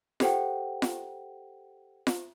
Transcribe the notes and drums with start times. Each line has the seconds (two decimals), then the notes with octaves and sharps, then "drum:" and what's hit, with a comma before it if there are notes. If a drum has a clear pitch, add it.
0.20 G4 A4 C5 F#5 G5, drum: snare F4
0.82 drum: snare F4
2.07 drum: snare F4